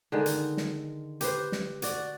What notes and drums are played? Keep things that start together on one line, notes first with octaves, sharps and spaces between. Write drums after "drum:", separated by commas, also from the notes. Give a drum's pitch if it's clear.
D3 D#3 G#3 D#4
drum: hi-hat
drum: snare
G4 B4 C5, drum: hi-hat
drum: snare
F#4 D5, drum: hi-hat